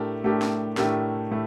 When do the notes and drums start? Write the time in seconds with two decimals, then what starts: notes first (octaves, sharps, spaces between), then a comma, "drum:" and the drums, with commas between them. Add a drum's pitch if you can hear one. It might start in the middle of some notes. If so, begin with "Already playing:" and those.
Already playing: A2 A3 D4 G4 A#4
0.24 A2 A3 D4 G4 A#4
0.42 drum: snare
0.77 A2 A3 D4 G4 A#4, drum: snare
1.31 A2 A3